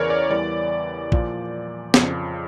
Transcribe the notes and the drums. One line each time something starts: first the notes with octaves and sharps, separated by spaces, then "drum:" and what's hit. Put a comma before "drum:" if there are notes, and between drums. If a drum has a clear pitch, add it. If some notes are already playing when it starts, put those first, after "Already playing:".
Already playing: E2 C#3 E3 A#4 C#5 D5
D5
E2 E3 G3 D5
A#2 F3, drum: kick
F2 C#3 F3, drum: snare